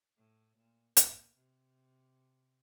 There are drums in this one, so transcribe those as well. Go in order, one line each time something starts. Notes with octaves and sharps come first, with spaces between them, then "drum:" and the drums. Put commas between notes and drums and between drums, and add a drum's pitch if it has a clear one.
A2
A#2
A#2, drum: hi-hat
C3